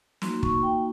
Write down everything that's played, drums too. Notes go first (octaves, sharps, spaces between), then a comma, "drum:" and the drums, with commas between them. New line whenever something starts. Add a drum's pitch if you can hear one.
A#3 D#4 F#4 C6, drum: snare
C#6, drum: kick
G5